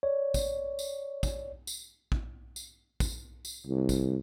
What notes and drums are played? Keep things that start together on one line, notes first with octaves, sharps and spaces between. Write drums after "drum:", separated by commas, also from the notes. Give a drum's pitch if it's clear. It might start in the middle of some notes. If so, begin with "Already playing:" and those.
C#5 D5
drum: kick, tambourine
drum: tambourine
drum: kick, tambourine
drum: tambourine
drum: kick
drum: tambourine
drum: kick, tambourine
drum: tambourine
C2
drum: kick, tambourine